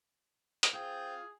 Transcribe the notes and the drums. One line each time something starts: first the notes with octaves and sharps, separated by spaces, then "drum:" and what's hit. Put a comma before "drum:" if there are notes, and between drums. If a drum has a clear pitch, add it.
drum: hi-hat
C4 F4 G#4 G6